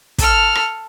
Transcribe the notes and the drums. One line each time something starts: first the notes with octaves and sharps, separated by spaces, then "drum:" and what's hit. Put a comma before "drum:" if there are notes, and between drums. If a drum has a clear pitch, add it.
A4 F6, drum: kick, hi-hat
drum: rim click